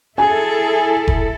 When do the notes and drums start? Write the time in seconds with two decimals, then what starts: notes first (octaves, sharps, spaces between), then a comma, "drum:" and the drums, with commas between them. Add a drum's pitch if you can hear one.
0.18 E4 G#4 A4 G#5
1.08 drum: kick F1